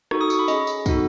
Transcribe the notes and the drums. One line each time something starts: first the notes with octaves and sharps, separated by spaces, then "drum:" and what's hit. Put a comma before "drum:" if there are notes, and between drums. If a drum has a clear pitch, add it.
D#4 F#4 A4 C#6, drum: rim click
D#6
C#6, drum: tambourine
B5
C#4 G#4 D#5, drum: tambourine
drum: tambourine
B3 D#4 F#4 A4, drum: kick, tambourine